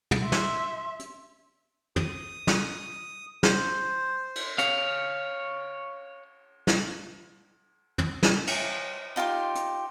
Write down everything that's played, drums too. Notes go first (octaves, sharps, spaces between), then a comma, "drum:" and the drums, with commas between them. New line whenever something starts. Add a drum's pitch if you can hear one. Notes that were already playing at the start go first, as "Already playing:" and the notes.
drum: tom
E5 C6
drum: snare
drum: hi-hat
D#6, drum: tom
drum: snare
C5, drum: snare
drum: cymbal
C#5 F5, drum: hi-hat
drum: snare
drum: tom
drum: snare
drum: cymbal
D#4 F4 G4 C6
drum: hi-hat